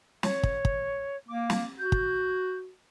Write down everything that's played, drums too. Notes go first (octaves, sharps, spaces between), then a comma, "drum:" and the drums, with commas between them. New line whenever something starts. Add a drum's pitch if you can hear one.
C#5, drum: snare
drum: kick
drum: kick
A#3 D6
drum: snare
F#4 G6
drum: kick